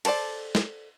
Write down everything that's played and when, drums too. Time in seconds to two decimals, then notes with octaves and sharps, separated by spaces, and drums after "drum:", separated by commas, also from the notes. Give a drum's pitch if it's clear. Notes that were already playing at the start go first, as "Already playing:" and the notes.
0.05 A4 A#4 C5 D5 A5, drum: cymbal
0.55 drum: snare